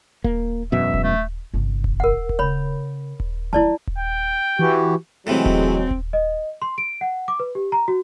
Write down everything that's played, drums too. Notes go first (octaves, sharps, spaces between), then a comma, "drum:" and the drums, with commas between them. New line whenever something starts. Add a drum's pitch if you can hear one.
A#3, drum: kick D#1
E1 F#2 B2 E5
drum: kick D#1
A3
G1 C3
drum: kick D#1
A#4 F#5
drum: kick D#1
C#3 C#5 B5
drum: kick D#1
F#3 A3 E4 D5 A5
drum: kick D#1
G5
E3 F#4 G4
A2 C3 E3 F#3 G#3 C4
drum: kick D#1
drum: kick D#1
D#5
C6
D7
F#5
D6
B4
G4
A#5
F#4